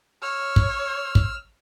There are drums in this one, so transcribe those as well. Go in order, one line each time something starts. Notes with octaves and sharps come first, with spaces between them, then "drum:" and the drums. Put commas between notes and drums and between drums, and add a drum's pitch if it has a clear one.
C#5 E6 F6
drum: kick
drum: kick